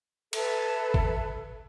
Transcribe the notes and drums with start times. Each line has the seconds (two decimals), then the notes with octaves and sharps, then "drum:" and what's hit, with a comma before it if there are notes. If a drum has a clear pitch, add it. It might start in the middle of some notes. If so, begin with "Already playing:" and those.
0.33 A4 B4 E5, drum: cymbal
0.94 drum: kick